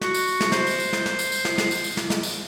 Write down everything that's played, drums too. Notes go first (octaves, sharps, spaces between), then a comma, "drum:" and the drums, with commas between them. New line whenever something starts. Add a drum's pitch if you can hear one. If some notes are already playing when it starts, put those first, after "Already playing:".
F#4, drum: snare
drum: tambourine
drum: tambourine
drum: snare
C5, drum: snare
drum: tambourine
drum: tambourine
drum: snare
drum: snare
drum: tambourine
drum: tambourine
drum: snare
drum: snare
drum: tambourine
drum: tambourine
drum: snare
drum: snare
drum: tambourine